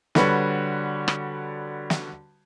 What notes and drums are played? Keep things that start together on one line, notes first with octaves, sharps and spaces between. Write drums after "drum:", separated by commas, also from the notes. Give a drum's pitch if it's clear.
D3 G3 F#4 B4 C#5, drum: snare
drum: rim click
drum: snare